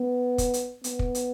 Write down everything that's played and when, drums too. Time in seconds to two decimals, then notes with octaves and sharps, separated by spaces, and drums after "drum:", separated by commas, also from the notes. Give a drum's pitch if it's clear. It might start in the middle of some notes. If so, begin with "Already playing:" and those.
Already playing: B3
0.38 drum: kick, hi-hat
0.54 drum: hi-hat
0.84 B3, drum: hi-hat
0.99 drum: kick
1.15 drum: hi-hat